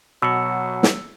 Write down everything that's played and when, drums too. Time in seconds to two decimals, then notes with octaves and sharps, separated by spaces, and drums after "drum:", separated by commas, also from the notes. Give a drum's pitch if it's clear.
0.22 B2 F#3 E6 C#7
0.83 drum: snare